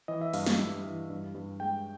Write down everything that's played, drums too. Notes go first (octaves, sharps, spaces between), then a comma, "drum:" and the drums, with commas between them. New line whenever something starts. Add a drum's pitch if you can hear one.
E3 D#5
E5
G2 F5, drum: open hi-hat
F5, drum: snare
G2
E3
G2
G2
G#3 G5